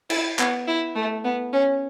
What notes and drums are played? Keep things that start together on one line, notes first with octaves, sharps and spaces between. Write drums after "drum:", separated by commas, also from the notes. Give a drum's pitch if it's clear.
E4, drum: cymbal
B3, drum: clap
E4
A3
B3
C#4